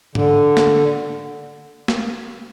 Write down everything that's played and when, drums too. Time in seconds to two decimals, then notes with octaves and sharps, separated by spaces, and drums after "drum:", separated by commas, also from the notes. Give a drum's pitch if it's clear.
0.15 D3, drum: tom G#2
0.57 drum: snare
1.88 drum: snare